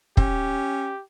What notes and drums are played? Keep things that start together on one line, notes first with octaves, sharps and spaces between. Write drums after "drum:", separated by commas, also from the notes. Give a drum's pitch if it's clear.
C#4 G4, drum: kick